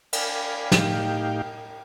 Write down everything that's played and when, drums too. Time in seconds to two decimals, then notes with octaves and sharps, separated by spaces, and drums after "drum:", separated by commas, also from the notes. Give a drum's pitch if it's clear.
0.13 D5 F5 G#5 B5, drum: cymbal
0.72 A2 D#4 G4 F5 G5, drum: snare